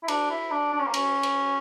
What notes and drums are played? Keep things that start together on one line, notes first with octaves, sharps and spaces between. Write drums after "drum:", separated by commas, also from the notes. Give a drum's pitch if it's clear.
E4
D4, drum: cymbal
E4
D4
D4
C#4
A#3
C#4, drum: cymbal
drum: cymbal